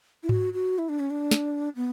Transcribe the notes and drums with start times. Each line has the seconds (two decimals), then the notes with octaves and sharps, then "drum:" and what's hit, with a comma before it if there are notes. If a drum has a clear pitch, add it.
0.23 E4
0.29 F#4, drum: tom G#2
0.53 F#4
0.78 E4
0.89 D4
0.99 C#4
1.10 D4
1.31 drum: snare
1.76 B3